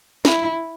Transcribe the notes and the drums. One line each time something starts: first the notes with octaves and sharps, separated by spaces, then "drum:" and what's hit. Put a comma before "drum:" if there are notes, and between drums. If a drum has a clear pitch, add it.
E4, drum: snare